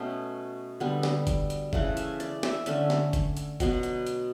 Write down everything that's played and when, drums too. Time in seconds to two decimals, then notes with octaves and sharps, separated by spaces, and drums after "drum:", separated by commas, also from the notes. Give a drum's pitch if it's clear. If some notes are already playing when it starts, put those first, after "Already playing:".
Already playing: B2 A3 C#4 G5
0.80 D3 G3 B3
1.03 drum: snare
1.27 drum: kick F#1, hi-hat
1.50 drum: hi-hat
1.73 C#3 E3 A3 F#5, drum: kick F#1
1.97 E5, drum: hi-hat
2.20 D5, drum: hi-hat
2.43 E5, drum: snare
2.66 D3 A3 C#4 E5, drum: hi-hat
2.90 drum: snare
3.13 drum: kick F#1, hi-hat
3.37 drum: hi-hat
3.60 B2 F#3 B3, drum: kick F#1, hi-hat
3.83 drum: hi-hat
4.07 drum: hi-hat